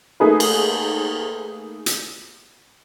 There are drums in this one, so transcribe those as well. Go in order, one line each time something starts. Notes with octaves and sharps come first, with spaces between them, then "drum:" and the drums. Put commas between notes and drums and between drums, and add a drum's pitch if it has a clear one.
A3 A#3 D#4 G#4 B4
drum: cymbal
drum: hi-hat